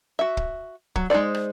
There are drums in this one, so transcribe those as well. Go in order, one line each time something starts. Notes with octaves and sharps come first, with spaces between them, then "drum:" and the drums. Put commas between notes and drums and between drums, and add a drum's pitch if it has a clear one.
F#4 E5
drum: kick
F#3, drum: kick
G#3 D#4 A4 C5 D5
drum: rim click